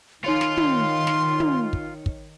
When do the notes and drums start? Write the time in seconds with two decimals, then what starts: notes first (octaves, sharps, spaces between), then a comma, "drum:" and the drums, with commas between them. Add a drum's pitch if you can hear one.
0.24 D#3 D#4 F4 C#5 C6 C#7
0.41 drum: snare
0.57 drum: tom
1.07 drum: snare
1.40 drum: tom
1.73 drum: kick
2.06 drum: kick